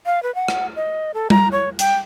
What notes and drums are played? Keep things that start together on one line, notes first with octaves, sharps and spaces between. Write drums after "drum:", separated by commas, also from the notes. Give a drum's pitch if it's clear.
F5
B4
F#5
drum: rim click
D#5
A4
A#5, drum: tom G3
C#5
G5, drum: hi-hat